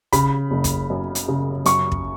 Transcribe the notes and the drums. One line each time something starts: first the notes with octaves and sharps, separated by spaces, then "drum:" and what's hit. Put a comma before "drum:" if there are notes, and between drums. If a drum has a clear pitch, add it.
C#3 B5, drum: kick, hi-hat
F#1
drum: kick, hi-hat
F#2
drum: hi-hat
C#3
F#2 C#6, drum: hi-hat
drum: kick